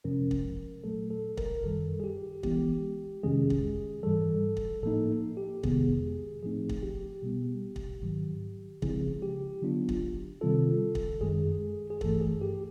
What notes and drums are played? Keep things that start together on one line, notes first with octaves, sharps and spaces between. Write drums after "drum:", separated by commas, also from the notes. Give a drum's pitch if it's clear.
F2 C3 F3 G#3 C#4 A#4
drum: kick
A#2 F#3 A3 A4
A4
A#4, drum: kick
F#2 D#3 G3 A4
G#4
G4
E3 G#3 B3 E4 G4, drum: kick
F2 C3 D#3 G#3 C#4 G#4
drum: kick
G#2 E3 G3 A4
drum: kick
A2 F3 A#3 D#4 A4
G4
F2 C3 D#3 G#3 B3 G#4, drum: kick
A2 F3 A3 C4 D#4 G#4
drum: kick
G4
B2 G3 B3
drum: kick
G#2 D#3 F#3
C#3 F3 G#3 C4 E4 G#4, drum: kick
G4
D3 F#3 B3 D4 F4
drum: kick
C3 D#3 G3 C4 F4 A4
drum: kick
F#2 D#3 G#3 G#4
G#4
G2 E3 A3 A4, drum: kick
G#4
G4